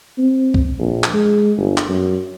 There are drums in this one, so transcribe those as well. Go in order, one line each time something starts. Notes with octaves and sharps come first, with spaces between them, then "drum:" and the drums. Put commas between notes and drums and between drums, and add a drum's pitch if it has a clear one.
C4
drum: kick
A#1
drum: clap
G#3
G1
drum: clap
F#2